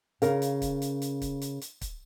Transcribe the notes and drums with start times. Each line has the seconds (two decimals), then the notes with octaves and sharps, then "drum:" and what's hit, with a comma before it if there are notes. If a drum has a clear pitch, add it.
0.22 C#3 A#4 F5, drum: hi-hat
0.42 drum: hi-hat
0.62 drum: kick, hi-hat
0.82 drum: hi-hat
1.02 drum: hi-hat
1.22 drum: kick, hi-hat
1.42 drum: hi-hat
1.61 drum: hi-hat
1.81 drum: kick, hi-hat